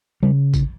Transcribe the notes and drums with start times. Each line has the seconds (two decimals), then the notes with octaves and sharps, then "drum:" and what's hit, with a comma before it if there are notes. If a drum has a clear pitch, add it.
0.23 C#3 G3
0.54 drum: kick, tambourine